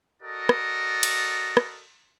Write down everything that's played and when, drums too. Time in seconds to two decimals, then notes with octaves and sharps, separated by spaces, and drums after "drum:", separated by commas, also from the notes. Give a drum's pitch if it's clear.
0.22 F#4 A4 A#4 D5 D#5
0.49 drum: rim click
1.03 drum: cymbal
1.57 drum: rim click